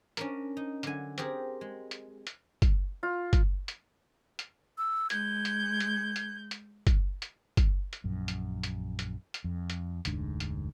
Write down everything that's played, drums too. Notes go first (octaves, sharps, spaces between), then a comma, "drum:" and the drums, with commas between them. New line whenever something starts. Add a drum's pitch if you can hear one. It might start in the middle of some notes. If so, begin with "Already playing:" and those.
C#4 D4 A#4, drum: hi-hat
D#4
D3 F#3 G#5, drum: hi-hat
C4 G4 G#4 A#4, drum: hi-hat
G#3
drum: hi-hat
drum: hi-hat
drum: kick, hi-hat
F4
drum: kick, hi-hat
drum: hi-hat
drum: hi-hat
E6
G#3 G6 G#6, drum: hi-hat
drum: hi-hat
drum: hi-hat
drum: hi-hat
drum: hi-hat
drum: kick, hi-hat
drum: hi-hat
drum: kick, hi-hat
drum: hi-hat
A#1 F#2
drum: hi-hat
drum: hi-hat
drum: hi-hat
drum: hi-hat
F2
drum: hi-hat
F1 D2 G#2 D4, drum: hi-hat
drum: hi-hat